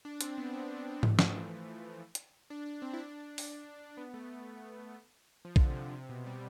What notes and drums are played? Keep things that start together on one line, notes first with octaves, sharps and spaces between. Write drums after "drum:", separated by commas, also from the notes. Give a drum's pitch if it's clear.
D4
C4, drum: hi-hat
B3
B3
C4
B3
B3
A3, drum: tom G#2
F3, drum: snare
E3
drum: hi-hat
D4
D4
C4
E4
D4
drum: open hi-hat
B3
A3
F3
D3, drum: kick
C3
C3
B2
G3